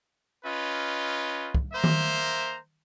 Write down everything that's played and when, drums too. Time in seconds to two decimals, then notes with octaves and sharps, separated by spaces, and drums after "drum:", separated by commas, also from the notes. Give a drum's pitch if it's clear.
0.45 C#4 F4 B4 D#5
1.55 drum: kick
1.73 A#3 C5 E5 A#5
1.84 drum: tom D#3